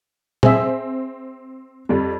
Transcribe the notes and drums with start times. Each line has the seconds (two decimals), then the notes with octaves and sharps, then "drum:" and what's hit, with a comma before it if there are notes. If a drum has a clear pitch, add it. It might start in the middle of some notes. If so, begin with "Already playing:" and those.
0.43 C4 G#4 E5, drum: tom A#2
1.89 F2 G3